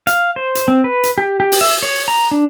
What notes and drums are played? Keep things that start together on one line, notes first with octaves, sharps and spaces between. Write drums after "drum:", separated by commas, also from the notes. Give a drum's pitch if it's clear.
F5, drum: hi-hat
C5
drum: hi-hat
C4
B4
drum: hi-hat
G4
G4
drum: open hi-hat
E5
C#5
A#5
D4